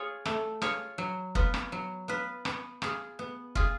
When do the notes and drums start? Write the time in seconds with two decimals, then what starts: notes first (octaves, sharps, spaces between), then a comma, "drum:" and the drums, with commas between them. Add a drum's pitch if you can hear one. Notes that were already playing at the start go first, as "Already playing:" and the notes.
Already playing: F4 G#4 C#5
0.26 A3, drum: rim click
0.62 F4 G#4 C#5, drum: rim click
0.98 F#3
1.35 B3 F4 B4, drum: kick
1.54 drum: rim click
1.72 F#3
2.08 B3 F4 B4
2.45 B3, drum: rim click
2.82 F4 G#4, drum: rim click
3.19 B3
3.55 F4 G#4, drum: kick